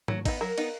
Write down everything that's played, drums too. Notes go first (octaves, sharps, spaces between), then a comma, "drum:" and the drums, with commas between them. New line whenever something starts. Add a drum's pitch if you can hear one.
F#3, drum: tom
B3 D#4, drum: kick, cymbal
F#3 A#4
B3 D#4, drum: cymbal